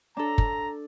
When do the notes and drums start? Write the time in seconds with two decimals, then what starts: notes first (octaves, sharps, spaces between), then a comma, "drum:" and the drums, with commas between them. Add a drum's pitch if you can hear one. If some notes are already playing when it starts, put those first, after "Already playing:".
0.17 D4 A4 A#5
0.38 drum: kick